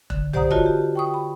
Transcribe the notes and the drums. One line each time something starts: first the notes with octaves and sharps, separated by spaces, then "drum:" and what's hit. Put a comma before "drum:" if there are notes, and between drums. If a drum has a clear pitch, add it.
D3, drum: kick E1
G4 C5 D5 F#5 A#5 D#6, drum: tom B1
F4 F#4 A#4 C#5 D#5 A5, drum: kick E1
G4
G5 C#6 D#6
B5